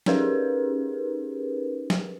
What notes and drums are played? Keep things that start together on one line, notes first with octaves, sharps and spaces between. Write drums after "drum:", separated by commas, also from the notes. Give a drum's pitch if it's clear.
C#4 D#4 G4 G#4 A#4 B4, drum: snare
drum: snare